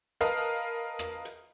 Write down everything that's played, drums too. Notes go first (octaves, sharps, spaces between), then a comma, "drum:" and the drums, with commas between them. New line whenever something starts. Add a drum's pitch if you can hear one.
A#4 B4 D#5 F5 A5, drum: hi-hat
drum: rim click
drum: hi-hat